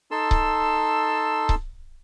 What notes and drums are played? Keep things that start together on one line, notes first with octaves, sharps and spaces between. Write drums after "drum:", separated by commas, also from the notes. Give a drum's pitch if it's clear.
D#4 A4 A5 C6 E6
drum: kick C#1
drum: kick C#1